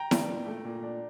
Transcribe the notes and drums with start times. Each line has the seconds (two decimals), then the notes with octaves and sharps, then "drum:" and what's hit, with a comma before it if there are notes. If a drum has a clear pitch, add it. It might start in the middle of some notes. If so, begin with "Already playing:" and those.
Already playing: G5 A#5
0.11 D4, drum: snare E4
0.29 A#2
0.46 A3
0.65 A#2
0.83 D4